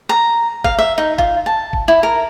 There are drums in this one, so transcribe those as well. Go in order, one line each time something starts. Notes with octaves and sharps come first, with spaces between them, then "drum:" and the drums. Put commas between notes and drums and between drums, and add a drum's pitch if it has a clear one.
A#5
F5, drum: kick
E5
D#4
F4, drum: kick
A5
drum: kick
E4
A#4